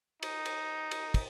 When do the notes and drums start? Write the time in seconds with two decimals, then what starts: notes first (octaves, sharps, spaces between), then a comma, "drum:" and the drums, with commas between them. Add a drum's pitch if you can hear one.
0.23 D#4, drum: cymbal
0.45 drum: cymbal
0.91 drum: cymbal
1.14 drum: kick, cymbal